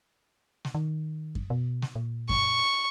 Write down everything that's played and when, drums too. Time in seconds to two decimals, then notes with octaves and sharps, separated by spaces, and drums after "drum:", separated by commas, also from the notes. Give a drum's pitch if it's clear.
0.65 drum: snare
0.75 D#3
1.35 drum: kick F#2
1.50 B2
1.82 drum: snare
1.95 A#2
2.29 C#6, drum: kick F#2